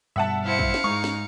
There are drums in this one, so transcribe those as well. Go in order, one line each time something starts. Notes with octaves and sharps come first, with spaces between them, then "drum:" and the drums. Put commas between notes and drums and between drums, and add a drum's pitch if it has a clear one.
G2 B2 G3 E5 F#5 A5
E4 C5 F5 C#7
drum: kick
drum: snare
G#2 G#3 D#4 C#6
drum: snare